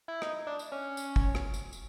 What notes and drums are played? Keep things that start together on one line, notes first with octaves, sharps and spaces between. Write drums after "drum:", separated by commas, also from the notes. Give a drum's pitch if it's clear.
E4
D#4, drum: rim click
D4
drum: tambourine
C#4
drum: tambourine
drum: kick
drum: rim click
drum: tambourine
drum: tambourine